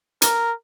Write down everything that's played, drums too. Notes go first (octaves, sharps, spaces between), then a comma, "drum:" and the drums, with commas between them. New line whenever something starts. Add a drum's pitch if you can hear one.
A#4, drum: hi-hat